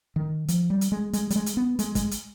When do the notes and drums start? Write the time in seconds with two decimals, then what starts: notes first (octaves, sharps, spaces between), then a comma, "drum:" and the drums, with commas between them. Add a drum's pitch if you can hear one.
0.16 D#3
0.48 F3, drum: hi-hat
0.70 G3
0.81 drum: hi-hat
0.92 G#3
1.13 G#3, drum: hi-hat
1.30 G3, drum: hi-hat
1.36 G#3
1.46 drum: hi-hat
1.57 B3
1.79 G#3, drum: hi-hat
1.95 G#3, drum: kick, hi-hat
2.11 drum: hi-hat